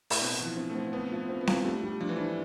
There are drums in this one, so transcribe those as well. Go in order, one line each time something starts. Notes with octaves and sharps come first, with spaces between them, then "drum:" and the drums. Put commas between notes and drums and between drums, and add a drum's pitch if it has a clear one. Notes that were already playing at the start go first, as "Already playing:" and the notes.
A2, drum: open hi-hat
B2 C4
E3
F3
C4
A3
C4
B3 C4
F3
C4
B3
F4, drum: snare C4
G3 A3
G3
F3 D4
E3
F3 D4